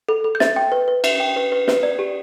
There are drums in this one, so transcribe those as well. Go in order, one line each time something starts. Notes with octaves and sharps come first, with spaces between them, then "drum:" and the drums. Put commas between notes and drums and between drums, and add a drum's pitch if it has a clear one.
A4
A4
G6
E5 A6, drum: snare
G5
B4
B4
E5, drum: cymbal
G5
B4
B4
B4, drum: snare
D5
G4